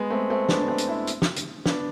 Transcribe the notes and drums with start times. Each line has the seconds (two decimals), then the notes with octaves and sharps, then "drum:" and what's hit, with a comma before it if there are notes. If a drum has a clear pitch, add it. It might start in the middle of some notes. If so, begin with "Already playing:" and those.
Already playing: G#3 B3
0.10 A3 C4
0.30 A3 C4
0.49 B3 D4, drum: snare
0.60 D4
0.68 A3 C4
0.78 drum: hi-hat
0.87 C4 E4
1.07 drum: hi-hat
1.22 drum: snare
1.36 drum: hi-hat
1.66 B3 D4, drum: snare